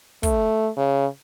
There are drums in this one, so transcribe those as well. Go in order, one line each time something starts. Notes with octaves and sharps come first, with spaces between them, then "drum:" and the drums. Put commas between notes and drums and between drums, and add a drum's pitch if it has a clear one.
A3, drum: kick, hi-hat
C#3